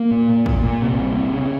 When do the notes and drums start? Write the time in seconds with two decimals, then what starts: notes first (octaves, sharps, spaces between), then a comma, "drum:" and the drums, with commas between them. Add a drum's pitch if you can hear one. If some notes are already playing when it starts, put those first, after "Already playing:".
Already playing: A#3
0.11 A#2
0.29 A#2
0.46 A#2, drum: kick
0.64 A#2
0.82 C3
0.99 C2
1.16 C3
1.34 C#3